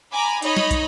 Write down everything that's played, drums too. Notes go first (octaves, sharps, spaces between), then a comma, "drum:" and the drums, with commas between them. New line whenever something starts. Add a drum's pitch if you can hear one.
G#5 A#5 B5 D6
D#4 C#5 D#5 B5, drum: hi-hat
drum: snare
drum: kick, hi-hat